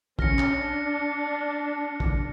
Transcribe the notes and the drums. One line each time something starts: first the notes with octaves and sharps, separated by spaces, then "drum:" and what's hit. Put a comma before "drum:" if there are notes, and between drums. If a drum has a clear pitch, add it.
C#4 F6 A#6 C#7, drum: kick
drum: clap
D4
drum: kick